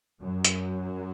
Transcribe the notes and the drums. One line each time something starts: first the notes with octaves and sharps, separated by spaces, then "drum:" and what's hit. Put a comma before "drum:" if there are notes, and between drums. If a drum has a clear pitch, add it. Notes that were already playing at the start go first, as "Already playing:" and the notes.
F#2 F#3
drum: hi-hat